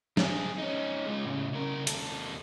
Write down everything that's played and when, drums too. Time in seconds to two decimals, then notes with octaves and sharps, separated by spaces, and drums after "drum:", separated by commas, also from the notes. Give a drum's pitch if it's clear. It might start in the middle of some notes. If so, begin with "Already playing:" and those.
0.17 C4 G#4, drum: snare
0.58 C#4 D#4
1.06 G#3 F4
1.25 A2 C#3
1.52 C#3 A#4
1.87 D#2 A4, drum: hi-hat